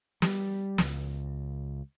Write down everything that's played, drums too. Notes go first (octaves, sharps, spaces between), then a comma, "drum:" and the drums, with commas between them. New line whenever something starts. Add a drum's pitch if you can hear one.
G3, drum: snare
C#2, drum: snare